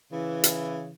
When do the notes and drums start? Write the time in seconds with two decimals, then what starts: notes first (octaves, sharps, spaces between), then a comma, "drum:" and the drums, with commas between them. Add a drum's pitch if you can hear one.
0.13 C#3 E3
0.44 drum: hi-hat